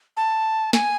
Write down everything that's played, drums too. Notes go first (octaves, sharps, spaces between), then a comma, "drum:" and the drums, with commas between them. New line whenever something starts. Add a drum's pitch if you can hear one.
A5
G#5, drum: snare